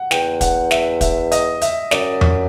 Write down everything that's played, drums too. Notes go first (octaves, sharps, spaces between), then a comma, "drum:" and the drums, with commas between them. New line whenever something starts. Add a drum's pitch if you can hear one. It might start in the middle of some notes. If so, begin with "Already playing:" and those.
Already playing: F#5
E2 G5, drum: snare
F#5, drum: kick, hi-hat
E5, drum: snare
E5, drum: kick, hi-hat
D#5, drum: hi-hat
E5, drum: hi-hat
F#2 D5, drum: snare
drum: tom F2